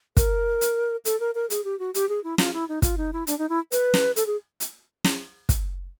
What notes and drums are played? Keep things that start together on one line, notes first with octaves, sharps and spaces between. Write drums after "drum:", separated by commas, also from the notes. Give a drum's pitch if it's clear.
A#4, drum: kick, hi-hat
drum: hi-hat
A4, drum: hi-hat
A#4
A#4
G#4, drum: hi-hat
G4
F#4
G4, drum: hi-hat
G#4
E4
F4, drum: snare
E4
D#4
F4, drum: kick, hi-hat
D#4
E4
D4, drum: hi-hat
D#4
E4
B4, drum: hi-hat
drum: snare
A4, drum: hi-hat
G#4
drum: hi-hat
drum: snare
drum: kick, hi-hat